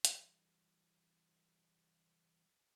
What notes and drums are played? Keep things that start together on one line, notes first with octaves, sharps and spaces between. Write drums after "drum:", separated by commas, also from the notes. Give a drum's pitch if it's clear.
E3 G3, drum: hi-hat